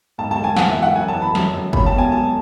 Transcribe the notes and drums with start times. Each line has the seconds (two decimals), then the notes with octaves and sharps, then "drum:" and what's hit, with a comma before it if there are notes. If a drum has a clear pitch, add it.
0.18 G#2 A5
0.31 A5
0.38 G#3
0.44 G#5
0.56 E3 F#5, drum: snare
0.70 E5
0.76 E3
0.83 F#5
0.95 F#2 G#5
1.08 A5
1.15 E3
1.22 B5
1.35 F#2, drum: snare
1.54 F#2
1.73 C#4 B5, drum: kick
1.86 A5
1.92 E2
1.98 G#5
2.11 F#3 A5